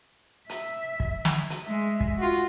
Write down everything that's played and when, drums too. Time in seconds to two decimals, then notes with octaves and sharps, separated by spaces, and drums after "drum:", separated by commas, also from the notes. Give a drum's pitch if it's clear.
0.49 E5, drum: hi-hat
1.00 drum: kick
1.25 drum: snare
1.50 drum: hi-hat
1.66 G#3 E5
2.00 drum: kick
2.17 F4 F#4